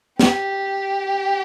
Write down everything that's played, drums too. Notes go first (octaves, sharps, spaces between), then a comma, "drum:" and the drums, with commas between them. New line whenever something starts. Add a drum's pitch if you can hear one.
G4, drum: snare